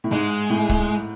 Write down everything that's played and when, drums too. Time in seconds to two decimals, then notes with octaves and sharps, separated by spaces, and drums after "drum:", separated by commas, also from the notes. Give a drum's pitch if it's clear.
0.04 A2
0.11 G#2 G#3
0.50 A2
0.69 drum: kick